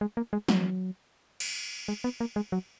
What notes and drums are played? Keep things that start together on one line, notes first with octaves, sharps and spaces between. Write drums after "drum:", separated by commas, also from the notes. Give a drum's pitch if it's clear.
G#3
A#3
G#3
F#3, drum: snare
drum: cymbal
G#3
B3
A#3
G#3
F#3